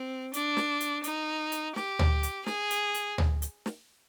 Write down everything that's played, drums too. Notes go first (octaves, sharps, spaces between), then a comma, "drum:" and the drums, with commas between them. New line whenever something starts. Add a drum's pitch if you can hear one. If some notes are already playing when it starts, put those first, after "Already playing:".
Already playing: C4
D4, drum: hi-hat
drum: snare
drum: hi-hat
D#4, drum: hi-hat
drum: hi-hat
G4, drum: snare
drum: tom
drum: hi-hat
G#4, drum: snare
drum: hi-hat
drum: hi-hat
drum: tom
drum: hi-hat
drum: snare